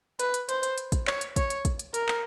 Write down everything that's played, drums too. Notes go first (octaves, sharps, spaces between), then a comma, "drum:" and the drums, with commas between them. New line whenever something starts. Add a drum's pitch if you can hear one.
B4, drum: hi-hat
drum: hi-hat
C5, drum: hi-hat
drum: hi-hat
drum: hi-hat
drum: kick, hi-hat
C#5, drum: clap
drum: hi-hat
C#5, drum: kick, hi-hat
drum: hi-hat
drum: kick, hi-hat
drum: hi-hat
A#4, drum: hi-hat
drum: clap